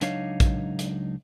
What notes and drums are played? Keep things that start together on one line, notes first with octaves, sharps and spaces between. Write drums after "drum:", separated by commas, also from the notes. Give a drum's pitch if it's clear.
C#2 F#3 D4 D#4 C#5 F5, drum: hi-hat
drum: kick, hi-hat
drum: hi-hat